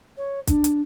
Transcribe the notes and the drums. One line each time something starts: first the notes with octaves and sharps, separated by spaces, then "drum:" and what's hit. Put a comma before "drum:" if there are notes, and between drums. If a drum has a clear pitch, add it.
C#5
D4, drum: kick, hi-hat
drum: hi-hat